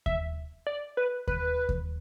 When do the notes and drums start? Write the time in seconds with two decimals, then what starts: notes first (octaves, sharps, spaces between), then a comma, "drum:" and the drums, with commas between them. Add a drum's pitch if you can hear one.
0.06 E5, drum: kick D#2
0.67 D5
0.97 B4
1.27 B4, drum: kick D#2
1.69 drum: kick D#2